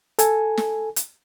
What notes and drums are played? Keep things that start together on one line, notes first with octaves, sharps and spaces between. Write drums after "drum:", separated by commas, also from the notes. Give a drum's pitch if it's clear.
A4 G#5, drum: hi-hat
drum: snare
drum: hi-hat